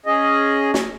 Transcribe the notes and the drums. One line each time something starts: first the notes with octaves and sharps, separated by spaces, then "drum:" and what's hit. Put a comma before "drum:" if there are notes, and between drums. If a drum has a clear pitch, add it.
C#4 G#4 D#5
drum: snare